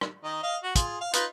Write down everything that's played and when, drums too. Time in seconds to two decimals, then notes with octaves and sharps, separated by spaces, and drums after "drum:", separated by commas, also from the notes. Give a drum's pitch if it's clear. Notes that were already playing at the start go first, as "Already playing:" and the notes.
0.01 drum: rim click
0.24 D#3 D#5
0.43 D#5 F5
0.63 F#4
0.75 F4 G#4, drum: kick, hi-hat
1.01 F5
1.13 D#4 F4 B4, drum: hi-hat